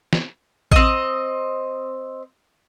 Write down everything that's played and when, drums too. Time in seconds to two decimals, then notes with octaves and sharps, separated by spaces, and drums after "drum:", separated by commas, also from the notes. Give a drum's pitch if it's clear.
0.13 drum: snare
0.71 C4 D#5, drum: kick A1